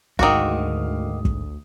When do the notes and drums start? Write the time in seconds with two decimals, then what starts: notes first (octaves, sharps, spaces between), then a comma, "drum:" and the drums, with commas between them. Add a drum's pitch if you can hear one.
0.19 D2 G#2 D#3 F#4 F5 D6 D#6, drum: kick
1.25 drum: kick